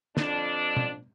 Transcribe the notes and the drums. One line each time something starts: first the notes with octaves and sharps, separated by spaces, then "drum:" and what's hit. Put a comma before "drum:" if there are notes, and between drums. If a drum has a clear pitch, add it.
F2 D4, drum: snare
drum: tom